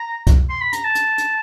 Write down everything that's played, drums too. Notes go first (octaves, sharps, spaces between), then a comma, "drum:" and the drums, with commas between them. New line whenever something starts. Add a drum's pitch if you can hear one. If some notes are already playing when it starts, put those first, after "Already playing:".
Already playing: A#5
drum: kick, hi-hat
C6
B5
A#5, drum: hi-hat
A5
drum: hi-hat
drum: hi-hat